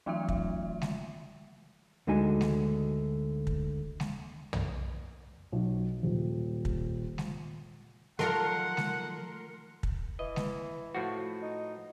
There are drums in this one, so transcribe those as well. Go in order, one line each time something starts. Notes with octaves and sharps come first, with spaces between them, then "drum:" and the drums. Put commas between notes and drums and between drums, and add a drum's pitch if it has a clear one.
E3 F#3 A3 F4 E5
drum: kick
drum: snare G#3
D2 D3 G#3 D#4 F#4 G#5
drum: snare G#3
drum: kick
drum: snare G#3
drum: tom
B1
D#1
drum: kick
drum: snare G#3
D#3 F3 F#3 A3 A#4 F#5 C6
drum: snare G#3
drum: kick
E3 D#5
drum: snare G#3
A2 F3 F#4
D#4